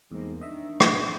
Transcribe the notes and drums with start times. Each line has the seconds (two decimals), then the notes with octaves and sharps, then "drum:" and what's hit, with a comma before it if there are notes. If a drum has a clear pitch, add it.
0.12 E2 G#2 G3 A#3 C4
0.41 D#3 D4 D#5 E5
0.80 C4 F#4, drum: rim click